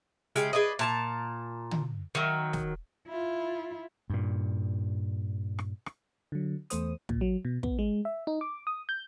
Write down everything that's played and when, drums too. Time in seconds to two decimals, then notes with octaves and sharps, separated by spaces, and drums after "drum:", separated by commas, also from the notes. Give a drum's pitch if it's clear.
0.36 C#3 G#3 G4, drum: hi-hat
0.53 G#4 B4 D5 D#5
0.79 A#2 A5 A#5
1.71 drum: tom
2.15 D#3 F#3
2.53 drum: snare
3.07 E4 F4
4.10 G2 A#2
5.59 drum: rim click
5.86 drum: rim click
6.32 D3 F#3
6.70 E2 A3 C5 D#6, drum: hi-hat
7.09 A#2, drum: kick
7.21 F#3
7.45 B2
7.63 B3, drum: kick
7.79 G#3
8.05 E5
8.27 D#4
8.41 D6
8.67 D#6
8.89 G6